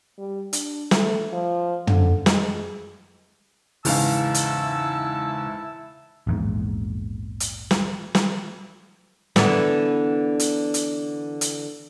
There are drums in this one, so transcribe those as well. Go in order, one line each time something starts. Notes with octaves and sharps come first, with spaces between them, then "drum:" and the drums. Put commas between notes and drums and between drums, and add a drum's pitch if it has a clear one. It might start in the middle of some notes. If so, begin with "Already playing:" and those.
G3
D4, drum: hi-hat
A3, drum: snare
F3
D3, drum: tom
G#3, drum: snare
E2 G#2 C#3 E4 F5 A5 E6, drum: open hi-hat
drum: hi-hat
A#1 E2 G#2
drum: hi-hat
drum: snare
drum: snare
D3 E3 B3, drum: snare
drum: hi-hat
drum: hi-hat
drum: hi-hat